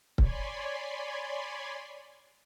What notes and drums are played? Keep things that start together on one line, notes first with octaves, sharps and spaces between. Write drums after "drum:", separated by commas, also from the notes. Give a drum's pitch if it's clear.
C#5 D5 G#5 B5 C6, drum: kick C#1